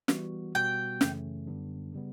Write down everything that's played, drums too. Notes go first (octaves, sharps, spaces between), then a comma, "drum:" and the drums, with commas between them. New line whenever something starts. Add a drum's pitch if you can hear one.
E3 G3 B3 F#4, drum: snare
B2 G3 B3 F#4 G5
F#2 C#3 E3 A3 C#4, drum: snare
F#2 D3 G3 B3 D4
C#3 G3 B3